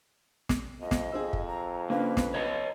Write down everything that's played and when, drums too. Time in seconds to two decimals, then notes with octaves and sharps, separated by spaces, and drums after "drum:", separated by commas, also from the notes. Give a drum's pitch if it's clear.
0.49 drum: snare
0.81 F2 D#5
0.91 drum: snare
1.12 F2 G#4 C5 E6
1.33 drum: kick
1.47 A#5
1.90 C#3 A#3 C4 D4 B4
2.17 drum: snare
2.34 C#5 D#5 A#5